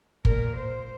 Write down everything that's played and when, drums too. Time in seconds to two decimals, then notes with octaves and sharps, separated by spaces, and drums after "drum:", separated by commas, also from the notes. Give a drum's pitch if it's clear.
0.25 A#2 A#4, drum: kick
0.57 C5